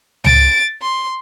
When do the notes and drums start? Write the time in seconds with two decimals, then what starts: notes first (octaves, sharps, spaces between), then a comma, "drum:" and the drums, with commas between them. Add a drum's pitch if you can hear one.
0.24 A6 D7, drum: tom C#2
0.81 C6